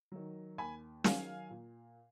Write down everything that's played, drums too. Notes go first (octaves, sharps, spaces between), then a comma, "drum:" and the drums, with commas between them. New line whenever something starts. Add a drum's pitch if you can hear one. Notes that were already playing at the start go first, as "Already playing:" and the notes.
D#3 F#3
D#2 G#5 B5
D#3 F#3 F5 G#5, drum: snare
A#2